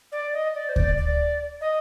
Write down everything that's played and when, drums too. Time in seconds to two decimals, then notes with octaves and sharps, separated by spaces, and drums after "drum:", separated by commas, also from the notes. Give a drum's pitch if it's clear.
0.12 D5
0.33 D#5
0.54 D5
0.69 C5
0.76 D5, drum: kick D2
0.97 D5
1.61 D#5